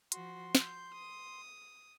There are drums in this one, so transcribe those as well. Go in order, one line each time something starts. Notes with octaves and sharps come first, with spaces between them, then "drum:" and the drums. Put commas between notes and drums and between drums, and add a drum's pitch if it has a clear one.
F3 F#4 C6, drum: hi-hat
G6, drum: snare
D#6